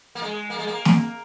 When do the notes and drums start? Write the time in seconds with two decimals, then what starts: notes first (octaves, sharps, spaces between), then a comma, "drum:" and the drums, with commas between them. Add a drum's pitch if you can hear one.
0.15 A#3
0.22 G#3
0.50 A#3
0.59 G#3
0.67 A#3
0.85 drum: snare